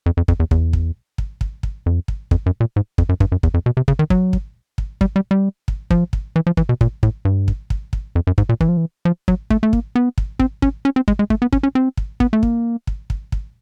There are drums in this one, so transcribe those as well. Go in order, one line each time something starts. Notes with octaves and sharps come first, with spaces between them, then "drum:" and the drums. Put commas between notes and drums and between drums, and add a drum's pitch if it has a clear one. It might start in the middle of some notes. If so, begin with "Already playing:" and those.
F2
F2
F2, drum: kick
E2
E2, drum: kick
drum: kick
drum: kick
drum: kick
drum: kick
F2
drum: kick
F2, drum: kick
F#2
A#2
G#2
F2, drum: kick
F#2
G2, drum: kick
F#2
E2, drum: kick
F2
B2
C3
C#3, drum: kick
D#3
F#3, drum: kick
drum: kick
drum: kick
G3, drum: kick
G3
G3
drum: kick
F3, drum: kick
drum: kick
E3
F3
E3, drum: kick
B2
A#2, drum: kick
A2, drum: kick
G2
drum: kick
drum: kick
drum: kick
F2
F#2
G#2, drum: kick
A#2
E3, drum: kick
F3
E3
F3
F#3, drum: kick
A3, drum: kick
A3
A#3, drum: kick
B3
drum: kick
C4, drum: kick
C#4, drum: kick
C#4
C4
G#3, drum: kick
G#3
A3, drum: kick
B3
C#4, drum: kick
C#4
C4
drum: kick
B3, drum: kick
A3
A#3, drum: kick
drum: kick
drum: kick
drum: kick